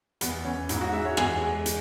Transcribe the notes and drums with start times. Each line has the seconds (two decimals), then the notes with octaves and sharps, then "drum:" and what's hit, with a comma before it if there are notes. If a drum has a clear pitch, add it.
0.21 E2 B3, drum: hi-hat
0.45 E2 C#4
0.69 G#2 E4, drum: hi-hat
0.81 F#4
0.93 G#3 E5
1.05 C#5
1.17 E2 G#4, drum: rim click
1.42 G#3
1.66 drum: hi-hat